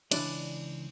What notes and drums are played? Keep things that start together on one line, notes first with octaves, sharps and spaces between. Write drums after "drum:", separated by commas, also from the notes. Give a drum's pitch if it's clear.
C#2 E3 D4 D5, drum: cymbal